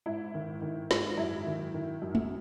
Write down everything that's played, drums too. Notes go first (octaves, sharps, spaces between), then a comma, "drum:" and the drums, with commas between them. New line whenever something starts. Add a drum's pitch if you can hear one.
G#2 E4
D#3
D#3
G#2, drum: snare
F#2 E4
D#3
D#3
F#2
drum: tom